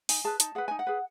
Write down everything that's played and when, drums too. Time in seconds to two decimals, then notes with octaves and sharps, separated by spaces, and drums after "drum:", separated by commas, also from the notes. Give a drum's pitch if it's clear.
0.09 D#4 G#5, drum: open hi-hat
0.24 G#4 B4 A5
0.40 D#4 A5, drum: hi-hat
0.55 G#4 B4 F#5
0.68 D#4 G#5
0.79 F#5
0.87 G#4 B4